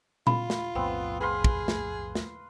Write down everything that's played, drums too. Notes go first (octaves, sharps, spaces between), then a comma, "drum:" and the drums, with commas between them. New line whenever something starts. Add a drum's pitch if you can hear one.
F4 B5, drum: tom A#2
drum: snare
B1 F2 A2 B3 C4
G#4 B4 F5 C6
drum: kick
drum: snare
drum: snare